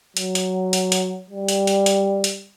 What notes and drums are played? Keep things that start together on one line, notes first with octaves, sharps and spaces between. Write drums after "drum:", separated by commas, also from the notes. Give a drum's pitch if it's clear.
F#3, drum: hi-hat
drum: hi-hat
drum: hi-hat
drum: hi-hat
G3
drum: hi-hat
drum: hi-hat
drum: hi-hat
drum: hi-hat